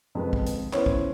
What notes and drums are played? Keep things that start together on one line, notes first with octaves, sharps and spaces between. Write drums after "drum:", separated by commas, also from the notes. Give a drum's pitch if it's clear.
F2 G#3 B4
drum: kick
drum: hi-hat
B3 C#4 E4 C5 C#5, drum: clap
drum: kick